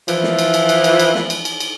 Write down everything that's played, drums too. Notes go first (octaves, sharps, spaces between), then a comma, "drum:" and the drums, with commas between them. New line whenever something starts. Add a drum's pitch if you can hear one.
E3 F3, drum: cymbal
drum: snare
drum: cymbal
drum: cymbal
drum: cymbal
drum: cymbal
drum: cymbal
drum: snare
drum: cymbal
drum: cymbal
drum: cymbal